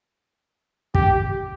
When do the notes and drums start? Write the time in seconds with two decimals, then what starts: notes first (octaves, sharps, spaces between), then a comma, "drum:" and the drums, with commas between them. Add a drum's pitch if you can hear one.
0.95 G4, drum: kick